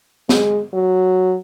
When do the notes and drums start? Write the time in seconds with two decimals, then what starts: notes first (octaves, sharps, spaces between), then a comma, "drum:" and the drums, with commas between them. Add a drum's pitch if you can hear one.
0.29 G#3, drum: snare
0.73 F#3